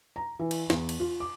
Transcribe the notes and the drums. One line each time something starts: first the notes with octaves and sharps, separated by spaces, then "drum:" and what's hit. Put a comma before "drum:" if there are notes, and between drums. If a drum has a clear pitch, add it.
A#5
E3
drum: cymbal
E2, drum: snare
drum: cymbal
F4
D6